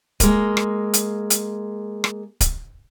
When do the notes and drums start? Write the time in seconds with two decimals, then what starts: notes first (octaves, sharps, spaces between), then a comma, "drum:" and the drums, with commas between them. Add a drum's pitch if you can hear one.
0.20 G#3 A#3, drum: kick D1, hi-hat
0.57 drum: rim click
0.93 drum: hi-hat
1.30 drum: hi-hat
2.04 drum: rim click
2.41 drum: kick D1, hi-hat